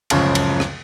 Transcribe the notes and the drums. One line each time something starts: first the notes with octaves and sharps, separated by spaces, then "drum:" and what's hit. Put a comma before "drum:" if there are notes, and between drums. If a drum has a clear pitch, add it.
D1 C#2 F#2 C#3 F3 C#6, drum: cymbal
drum: cymbal
drum: rim click